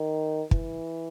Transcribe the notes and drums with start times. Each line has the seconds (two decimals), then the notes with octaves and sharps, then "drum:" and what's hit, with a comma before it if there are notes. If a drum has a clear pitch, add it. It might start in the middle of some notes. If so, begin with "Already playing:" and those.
Already playing: D#3
0.51 E3, drum: kick